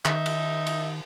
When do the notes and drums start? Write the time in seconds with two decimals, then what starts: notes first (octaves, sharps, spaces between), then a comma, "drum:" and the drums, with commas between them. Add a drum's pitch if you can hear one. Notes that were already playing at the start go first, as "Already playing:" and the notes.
0.05 D#3 D#4 E5, drum: clap
0.26 drum: cymbal
0.67 drum: cymbal